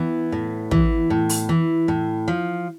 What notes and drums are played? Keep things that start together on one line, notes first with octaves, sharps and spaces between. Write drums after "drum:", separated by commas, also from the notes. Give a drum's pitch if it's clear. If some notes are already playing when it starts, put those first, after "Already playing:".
Already playing: E3 B3
A2
E3, drum: kick
A2
drum: open hi-hat
E3
A2
F3